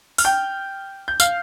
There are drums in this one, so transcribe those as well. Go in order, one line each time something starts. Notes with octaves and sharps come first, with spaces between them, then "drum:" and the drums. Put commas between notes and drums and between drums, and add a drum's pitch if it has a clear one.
F6, drum: open hi-hat
G5 G6
G6
F5 F6, drum: tambourine